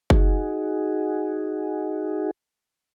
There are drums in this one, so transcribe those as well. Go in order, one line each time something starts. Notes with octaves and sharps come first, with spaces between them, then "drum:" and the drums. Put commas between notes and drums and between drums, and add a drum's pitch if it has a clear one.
D#4 F#4 G#4, drum: kick F#1